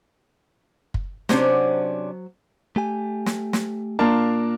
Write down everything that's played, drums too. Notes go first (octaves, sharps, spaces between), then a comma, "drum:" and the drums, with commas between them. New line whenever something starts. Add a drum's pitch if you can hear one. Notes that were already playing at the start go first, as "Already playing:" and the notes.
drum: kick
C3 F#3 C#4 D4 C5, drum: snare
A3 G4 G#5
drum: snare
drum: snare
A#2 A#3 D4 F4 A#4 A5